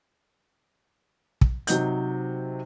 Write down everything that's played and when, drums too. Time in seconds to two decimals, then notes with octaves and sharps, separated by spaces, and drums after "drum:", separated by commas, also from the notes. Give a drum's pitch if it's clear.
1.41 drum: kick
1.67 C3 F#3 D#4 G6, drum: hi-hat